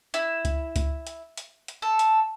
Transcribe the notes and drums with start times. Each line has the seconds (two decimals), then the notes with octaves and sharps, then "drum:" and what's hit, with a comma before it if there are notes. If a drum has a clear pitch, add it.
0.14 E4, drum: hi-hat
0.45 drum: kick C#2, hi-hat
0.76 drum: kick C#2, hi-hat
1.07 drum: hi-hat
1.37 drum: hi-hat
1.68 drum: hi-hat
1.82 A4
1.99 drum: hi-hat